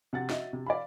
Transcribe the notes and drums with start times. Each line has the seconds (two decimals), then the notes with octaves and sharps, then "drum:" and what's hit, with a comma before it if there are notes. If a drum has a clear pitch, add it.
0.13 C3 F#5 A6
0.29 F#4 D#5 E5, drum: snare
0.53 C3
0.66 D5 F5 B5